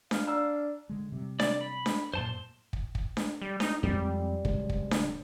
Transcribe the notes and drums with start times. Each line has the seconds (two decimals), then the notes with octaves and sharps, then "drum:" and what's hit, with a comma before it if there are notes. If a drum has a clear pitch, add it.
0.11 F5, drum: snare D4
0.27 D4 A#5 E6
0.89 D3 G#3
1.12 C3 G3
1.40 D5, drum: snare D4
1.61 B5
1.86 drum: snare D4
2.14 F#2 A#2 C5 A5 C6
2.73 drum: kick
2.95 drum: kick
3.17 drum: snare D4
3.42 G3
3.60 D#4, drum: snare D4
3.83 F2 G3 G#3 C4
4.45 D1 C#3 G#3, drum: kick
4.69 drum: kick
4.91 drum: snare D4